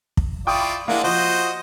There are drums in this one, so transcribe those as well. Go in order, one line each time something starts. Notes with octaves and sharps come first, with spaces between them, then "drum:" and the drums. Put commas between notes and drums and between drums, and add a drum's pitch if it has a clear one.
drum: kick
E4 F4 D5 G5 C#6 D#6
G#3 A#3 D4 E4 F#5
F3 F#4 C5 D#5